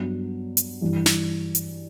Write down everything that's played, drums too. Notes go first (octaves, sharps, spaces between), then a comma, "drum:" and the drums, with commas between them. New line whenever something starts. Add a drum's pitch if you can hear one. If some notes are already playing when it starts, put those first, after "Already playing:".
Already playing: G2 F#3 B3 D4
drum: hi-hat
G2 E3 G3
drum: snare
drum: hi-hat